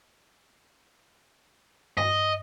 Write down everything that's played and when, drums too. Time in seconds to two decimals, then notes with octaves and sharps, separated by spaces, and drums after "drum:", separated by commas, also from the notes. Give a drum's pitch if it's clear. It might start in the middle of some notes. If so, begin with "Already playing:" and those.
1.97 D#5, drum: tom G2